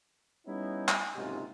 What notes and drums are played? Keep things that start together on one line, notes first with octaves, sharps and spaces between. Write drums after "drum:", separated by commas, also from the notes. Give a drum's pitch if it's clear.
G3 B3 C#4 D#4 E4
drum: clap
F#1 G#2 C3 G#3 D#4 F4